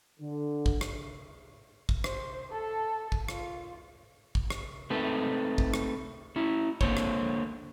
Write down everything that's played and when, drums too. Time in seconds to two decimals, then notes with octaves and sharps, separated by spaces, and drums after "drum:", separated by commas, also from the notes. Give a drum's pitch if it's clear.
0.20 D3
0.66 drum: kick
0.81 drum: rim click
1.89 drum: kick
2.04 C5, drum: rim click
2.51 A4 A5
3.12 drum: kick
3.28 F4, drum: rim click
4.35 drum: kick
4.50 drum: rim click
4.90 A3 C4 D#4 A4 B4
5.58 drum: kick
5.74 drum: rim click
6.36 C#4 E4
6.81 D3 A#3 C5 C#5, drum: kick
6.97 drum: rim click